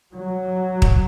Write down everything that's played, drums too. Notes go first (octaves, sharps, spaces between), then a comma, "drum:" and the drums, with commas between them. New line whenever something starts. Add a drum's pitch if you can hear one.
F#3
drum: kick